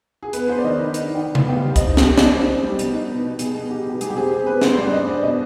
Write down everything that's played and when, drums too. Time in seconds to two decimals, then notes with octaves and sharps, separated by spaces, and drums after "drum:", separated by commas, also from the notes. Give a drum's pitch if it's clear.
0.23 G#4
0.33 B3 B4, drum: hi-hat
0.48 B3 C5
0.58 D5
0.64 D#3 D#5
0.79 D#4 B5
0.94 D#4, drum: hi-hat
1.11 D#4 G5
1.26 D#3
1.35 B3 F5, drum: tom C#3
1.49 G5
1.56 G3 F5
1.71 C4
1.76 D#5, drum: kick, hi-hat
1.86 D#4
1.97 G4, drum: snare
2.02 D#4
2.18 D#4, drum: snare
2.33 C4
2.47 C4
2.63 G3
2.79 B2, drum: hi-hat
2.94 D#4
3.10 B3
3.25 B2
3.39 B2 G#4, drum: hi-hat
3.54 B2
3.71 D#4 G4
3.85 B3 G4
4.01 G3 G#4, drum: hi-hat
4.10 G4
4.16 C4 G#4
4.32 C4 G#4
4.47 C4 B4
4.61 C4 C5, drum: snare
4.73 C5
4.77 G2 D5
4.92 C4 D#5
5.08 C4 D5
5.23 B2 D#5